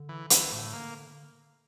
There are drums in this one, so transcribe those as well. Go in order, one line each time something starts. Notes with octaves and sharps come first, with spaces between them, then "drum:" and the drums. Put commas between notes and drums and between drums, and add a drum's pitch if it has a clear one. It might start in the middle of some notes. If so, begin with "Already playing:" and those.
Already playing: D3
E3
E3, drum: hi-hat
A2
A#3